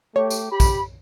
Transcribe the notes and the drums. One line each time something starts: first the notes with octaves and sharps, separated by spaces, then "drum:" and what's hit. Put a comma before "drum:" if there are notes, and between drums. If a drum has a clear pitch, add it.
A3 G4 C#5
drum: tambourine
G4 B5
drum: kick, tambourine